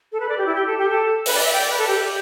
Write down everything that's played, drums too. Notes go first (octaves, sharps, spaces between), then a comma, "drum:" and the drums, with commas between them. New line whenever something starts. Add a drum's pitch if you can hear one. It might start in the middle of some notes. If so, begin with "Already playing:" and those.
A4
B4
D5
G4
E4
G4
A4
G4
A4
B4, drum: open hi-hat
D5
E5
G5
D5
B4
A4
G4